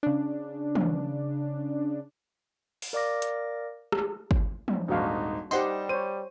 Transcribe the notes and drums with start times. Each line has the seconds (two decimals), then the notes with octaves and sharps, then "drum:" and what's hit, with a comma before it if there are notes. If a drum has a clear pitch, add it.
0.03 C#3 D4
0.75 drum: tom
2.82 drum: open hi-hat
2.93 A#4 D5 F5 D6 A#6
3.22 drum: hi-hat
3.92 drum: rim click
4.31 drum: kick
4.68 drum: tom
4.88 D#1 G#1 D4 D#4 F#4 F5
5.51 G3 D#4 G4 C5 F#5 C6, drum: tambourine
5.89 C5 C#5 D#7